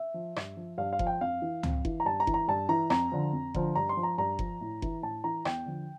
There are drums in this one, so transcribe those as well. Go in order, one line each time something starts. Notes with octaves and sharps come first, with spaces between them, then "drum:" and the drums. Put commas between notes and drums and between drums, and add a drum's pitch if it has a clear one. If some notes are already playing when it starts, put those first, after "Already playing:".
Already playing: E5
F3
G2, drum: rim click
F3
G2 F5
F5
F3, drum: kick F#1
G5
F2 F5
E3
F2, drum: tom
E3, drum: kick F#1
A#5
G2 A5
A#5
E3, drum: kick F#1
A#5
G2 A5
E3 A#5
F2 A#5, drum: rim click
D3 F3
F2
D3 F3, drum: kick F#1
G2 A#5
C6
F3
A#5
G2 A#5
F3, drum: kick F#1
A2
E3, drum: kick F#1
A2 A5
E3 A#5
E2 G5, drum: rim click
D3 F3